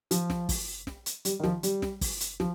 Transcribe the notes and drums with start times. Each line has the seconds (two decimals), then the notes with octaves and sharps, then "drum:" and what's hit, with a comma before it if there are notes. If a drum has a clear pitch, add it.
0.11 F3, drum: hi-hat
0.30 drum: snare
0.49 drum: kick, open hi-hat
0.87 drum: snare
1.06 drum: hi-hat
1.25 G3, drum: hi-hat
1.40 D#3
1.43 F3, drum: snare
1.63 G3, drum: hi-hat
1.82 drum: snare
2.01 drum: kick, open hi-hat
2.20 drum: hi-hat
2.40 F3, drum: snare